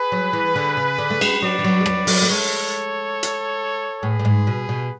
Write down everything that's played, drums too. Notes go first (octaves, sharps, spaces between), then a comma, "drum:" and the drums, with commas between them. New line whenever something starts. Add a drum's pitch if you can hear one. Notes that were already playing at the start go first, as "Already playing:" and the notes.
Already playing: G#4 B4
F#3
E3
D3
C#3
D3
A3
G#3, drum: cymbal
F#3 B4 D5
E3
F#3
G#3
F#3, drum: rim click
F#3, drum: open hi-hat
A3
G#3 A4 C#5
drum: hi-hat
A2 G#4 B4
A2
G#2
B2
B2